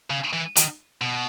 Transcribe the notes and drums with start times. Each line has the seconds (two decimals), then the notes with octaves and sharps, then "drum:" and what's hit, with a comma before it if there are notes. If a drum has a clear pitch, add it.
0.10 C#3
0.33 E3
0.56 D#3, drum: hi-hat
1.02 B2